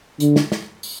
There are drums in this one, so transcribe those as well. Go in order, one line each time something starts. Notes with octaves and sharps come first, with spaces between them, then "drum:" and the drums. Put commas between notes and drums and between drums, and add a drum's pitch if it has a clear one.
D3, drum: hi-hat
drum: snare
drum: snare
drum: open hi-hat